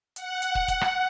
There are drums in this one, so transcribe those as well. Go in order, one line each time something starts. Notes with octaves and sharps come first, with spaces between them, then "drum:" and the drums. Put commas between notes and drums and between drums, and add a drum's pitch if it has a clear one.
F#5, drum: hi-hat
drum: hi-hat
F#5, drum: kick
drum: kick, hi-hat
drum: rim click